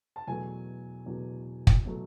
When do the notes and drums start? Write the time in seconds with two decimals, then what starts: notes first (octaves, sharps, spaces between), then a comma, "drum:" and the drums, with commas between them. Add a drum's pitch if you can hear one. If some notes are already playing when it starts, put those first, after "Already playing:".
0.16 A5
0.27 E2 B2 F#3 A3 G#5
1.06 E2 B2 F#3 A3
1.67 drum: kick
1.85 B2 F#3 A3